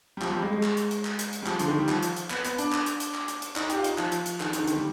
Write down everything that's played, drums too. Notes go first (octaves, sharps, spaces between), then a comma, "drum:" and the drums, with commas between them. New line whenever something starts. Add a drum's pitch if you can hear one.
G3
F3, drum: clap
G3
G#3
G#3
drum: clap
drum: hi-hat
drum: hi-hat
drum: clap
drum: hi-hat
drum: hi-hat
G3
F3, drum: clap
D3, drum: hi-hat
D#3
G3
F3, drum: clap
drum: hi-hat
drum: hi-hat
B3, drum: clap
B3, drum: hi-hat
D4, drum: hi-hat
drum: clap
drum: hi-hat
drum: hi-hat
drum: clap
drum: hi-hat
drum: hi-hat
D#4, drum: clap
G4, drum: hi-hat
F4
D#4, drum: hi-hat
F3, drum: clap
drum: hi-hat
drum: hi-hat
D#3, drum: clap
D#3, drum: hi-hat
D3
D#3, drum: hi-hat
G3